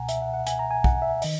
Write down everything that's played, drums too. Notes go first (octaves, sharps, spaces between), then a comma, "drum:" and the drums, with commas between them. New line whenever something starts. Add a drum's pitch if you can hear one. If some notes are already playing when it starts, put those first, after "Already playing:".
Already playing: C#2 B2 F#5 G#5 A#5
E5, drum: hi-hat
F#5
F#5
G#5, drum: hi-hat
A#5
G#5
F#5, drum: kick B1
E5
D#3 D#5, drum: open hi-hat